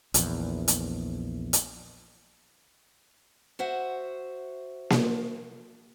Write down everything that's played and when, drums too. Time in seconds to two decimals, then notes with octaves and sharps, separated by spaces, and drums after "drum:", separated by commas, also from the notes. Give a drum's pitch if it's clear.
0.14 A#1 E2, drum: hi-hat
0.68 drum: hi-hat
1.53 drum: hi-hat
3.59 F#4 C5 E5 F#5
4.90 drum: snare A#3